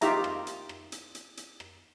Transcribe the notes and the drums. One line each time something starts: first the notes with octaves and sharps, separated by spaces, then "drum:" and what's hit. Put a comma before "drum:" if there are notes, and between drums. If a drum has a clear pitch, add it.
D#4 F4 G4 E5 A#5, drum: hi-hat
drum: rim click
drum: hi-hat
drum: rim click
drum: hi-hat
drum: hi-hat
drum: hi-hat
drum: rim click